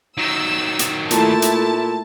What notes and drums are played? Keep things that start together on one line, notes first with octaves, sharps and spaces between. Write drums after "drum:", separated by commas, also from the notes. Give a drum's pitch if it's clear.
D#3 F#3 E6
drum: hi-hat
A#2 A3 E4 A5, drum: hi-hat
drum: hi-hat